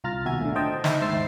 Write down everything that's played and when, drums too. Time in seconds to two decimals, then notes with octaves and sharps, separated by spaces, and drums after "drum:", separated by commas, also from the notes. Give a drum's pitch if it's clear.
0.04 C2 F4 A#5 F6 A6
0.25 D#2 B2 F#4 E5 G#5 G#6
0.41 A2 D3
0.55 C5 D#5 G5 A5
0.84 D#4 E4 E5, drum: snare
1.01 D#2 G#2 C5 E6 A6 C7